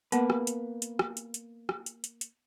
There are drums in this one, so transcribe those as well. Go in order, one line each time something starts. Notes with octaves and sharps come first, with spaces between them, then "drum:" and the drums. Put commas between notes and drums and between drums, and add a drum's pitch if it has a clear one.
A#3 B3 B4 F#5, drum: hi-hat
drum: rim click
drum: hi-hat
drum: hi-hat
drum: rim click
drum: hi-hat
drum: hi-hat
drum: rim click
drum: hi-hat
drum: hi-hat
drum: hi-hat